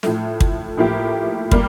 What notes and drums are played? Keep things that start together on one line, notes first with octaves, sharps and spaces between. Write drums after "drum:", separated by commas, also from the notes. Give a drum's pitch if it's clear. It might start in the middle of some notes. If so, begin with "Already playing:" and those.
A2 F3 A3, drum: snare
drum: kick
A2 F3 A#3 E4 G4
G3 A#3, drum: kick